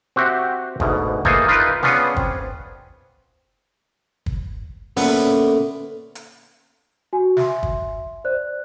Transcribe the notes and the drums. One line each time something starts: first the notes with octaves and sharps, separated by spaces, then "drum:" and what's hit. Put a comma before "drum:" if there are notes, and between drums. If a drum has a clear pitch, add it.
C4 F#4 G4 E5 F#5 G5
D2 G#2 B2, drum: kick
E3 A#3 G#4 A4 C5 D#5, drum: kick
D#4 F4 A#4 B4
B3 C#4 D4 F4 G#4, drum: snare
C4, drum: kick
drum: kick
A#2 D3 A3 B3 C#4, drum: open hi-hat
drum: hi-hat
F#4 G#5
E5 C6, drum: snare
drum: kick
C5 D5 F#6